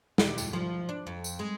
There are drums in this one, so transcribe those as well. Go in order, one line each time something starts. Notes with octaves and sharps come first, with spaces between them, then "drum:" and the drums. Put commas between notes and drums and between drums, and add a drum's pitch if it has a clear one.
G4, drum: snare
F2, drum: tambourine
F3
D4
F2
drum: tambourine
G#3